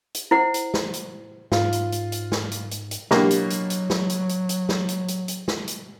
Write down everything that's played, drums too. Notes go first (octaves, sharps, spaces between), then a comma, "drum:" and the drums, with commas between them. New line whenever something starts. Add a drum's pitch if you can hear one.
drum: hi-hat
E4 C5 F#5
drum: hi-hat
drum: snare
drum: hi-hat
G#2 F4, drum: snare
drum: hi-hat
drum: hi-hat
drum: hi-hat
drum: snare
drum: hi-hat
drum: hi-hat
drum: hi-hat
B2 F#3 A#3 D4 E4 G4 C6, drum: snare
drum: hi-hat
drum: hi-hat
drum: hi-hat
drum: snare
drum: hi-hat
drum: hi-hat
drum: hi-hat
drum: snare
drum: hi-hat
drum: hi-hat
drum: hi-hat
drum: snare
drum: hi-hat